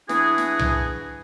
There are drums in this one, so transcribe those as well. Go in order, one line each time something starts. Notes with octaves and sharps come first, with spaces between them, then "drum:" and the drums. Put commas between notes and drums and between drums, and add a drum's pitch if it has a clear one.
E3 D4 E4 F#4 G#4, drum: snare
drum: snare
drum: tom C2